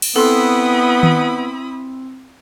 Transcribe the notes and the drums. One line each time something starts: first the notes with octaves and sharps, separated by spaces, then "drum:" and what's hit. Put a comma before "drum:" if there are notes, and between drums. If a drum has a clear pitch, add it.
drum: cymbal
B3 C4 E4 A4 B5 C6 D#6 E6
drum: tom D#3